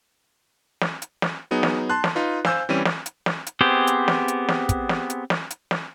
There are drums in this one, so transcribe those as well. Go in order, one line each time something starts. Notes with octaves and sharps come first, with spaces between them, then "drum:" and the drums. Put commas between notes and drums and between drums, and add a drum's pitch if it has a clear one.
drum: snare
drum: hi-hat
drum: snare
F#3 B3 D#4 G#4
drum: snare
A5 C6 F#6
drum: snare
D#4 F4 B4
C5 F5 G#5 E6 G6, drum: snare
E3 G3 C4 C#4 D#7
drum: snare
drum: hi-hat
drum: snare
drum: hi-hat
B3 C4 G4 G#4 C5
drum: hi-hat
drum: snare
drum: hi-hat
drum: snare
drum: kick, hi-hat
drum: snare
drum: hi-hat
drum: snare
drum: hi-hat
drum: snare